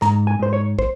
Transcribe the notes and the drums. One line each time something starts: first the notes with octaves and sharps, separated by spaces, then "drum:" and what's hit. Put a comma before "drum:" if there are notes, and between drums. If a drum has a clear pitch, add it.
G#2 A#5, drum: snare
G#5
G#2 C5
C#5
C5, drum: kick